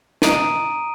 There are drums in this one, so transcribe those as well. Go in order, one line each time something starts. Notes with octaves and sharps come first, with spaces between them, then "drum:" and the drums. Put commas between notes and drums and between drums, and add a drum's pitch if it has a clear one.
A#5 D#6 D7 D#7, drum: snare